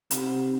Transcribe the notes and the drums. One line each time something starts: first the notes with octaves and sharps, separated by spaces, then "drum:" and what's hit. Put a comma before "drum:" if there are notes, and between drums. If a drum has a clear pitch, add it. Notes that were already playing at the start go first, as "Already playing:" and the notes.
C3 D#4 G4 C5 F#5, drum: hi-hat